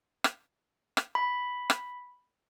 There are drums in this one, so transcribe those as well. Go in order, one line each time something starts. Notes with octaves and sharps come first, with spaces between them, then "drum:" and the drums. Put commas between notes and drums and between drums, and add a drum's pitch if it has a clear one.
drum: rim click
drum: rim click
B5
drum: rim click